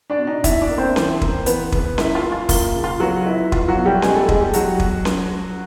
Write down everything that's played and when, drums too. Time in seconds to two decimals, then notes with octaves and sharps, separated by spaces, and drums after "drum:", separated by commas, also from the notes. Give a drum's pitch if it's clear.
0.10 D4 D5
0.18 B2
0.27 D#4 D#5
0.44 B2 E4 E5, drum: kick, hi-hat
0.61 D4 D5
0.70 A#3
0.78 C4 C5
0.96 E3, drum: snare C#4
1.22 A#3, drum: kick
1.46 E3 B3 B4, drum: hi-hat
1.72 C#3, drum: kick
1.98 A#3 E4, drum: snare C#4
2.15 F4
2.24 C#4
2.32 F4
2.49 A#3 F4, drum: kick, open hi-hat
2.75 C#3
2.84 F4
3.00 F#3 B3 F#4
3.25 B3 E4
3.52 B3 F4, drum: kick
3.68 F#3 F#4
3.77 B2
3.86 G3 G4
4.02 E2 G#3 G#4, drum: snare C#4
4.15 A3 A4
4.29 E2 G#3 G#4, drum: kick
4.41 G3 G4
4.53 E2 F#3 F#4, drum: hi-hat
4.80 drum: kick
5.05 drum: snare C#4